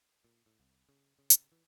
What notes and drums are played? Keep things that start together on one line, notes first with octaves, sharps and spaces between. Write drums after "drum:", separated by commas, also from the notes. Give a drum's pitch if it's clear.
A#2
A2
C2
C#3
C#3
drum: hi-hat
E3